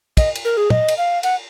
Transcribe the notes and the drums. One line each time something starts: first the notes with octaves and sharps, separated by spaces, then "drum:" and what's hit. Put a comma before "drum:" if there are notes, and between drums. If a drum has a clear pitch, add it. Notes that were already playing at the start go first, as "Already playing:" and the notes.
D#5, drum: kick, cymbal
drum: cymbal
A#4
G#4
D#5, drum: tom
drum: cymbal
F5
F#5, drum: cymbal